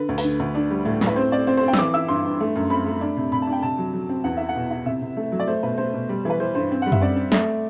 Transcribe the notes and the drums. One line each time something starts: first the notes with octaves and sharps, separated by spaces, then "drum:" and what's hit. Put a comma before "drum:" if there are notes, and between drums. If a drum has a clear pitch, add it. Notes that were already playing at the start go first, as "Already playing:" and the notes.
Already playing: D3 B4
D2
B4, drum: open hi-hat
D3
D2
D4
G3
A2
A2, drum: snare
B4
C4 C5
C4 D5
C4 C5
C5
C4
G5
E6, drum: snare
E3 D6
E4 E6
G2 C6
G2
A3
F#2
C4 B5
A3
D4
C3
C3 B5
A5
D4
G5
C3 A5
F#3
F#3
C4
E2 F#5
E4 E5
F#5
B2
E4
C3 E5
C3
A3
F#3
D5
A3 C5
B2 B4
A3 C5
B2
G3
E3 B4
E3 C5
G2 C5
C4
G3 F#5
E5, drum: tom F#2
C4 D5
C4
A3, drum: snare